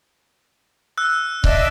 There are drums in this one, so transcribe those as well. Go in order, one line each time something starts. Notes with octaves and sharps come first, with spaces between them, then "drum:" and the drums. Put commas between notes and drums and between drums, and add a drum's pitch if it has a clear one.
E6 F#6
D4 D#5 E5, drum: kick C#1